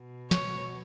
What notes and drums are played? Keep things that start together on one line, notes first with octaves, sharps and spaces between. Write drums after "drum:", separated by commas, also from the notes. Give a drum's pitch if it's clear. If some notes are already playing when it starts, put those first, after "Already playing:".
Already playing: B2
C#5, drum: snare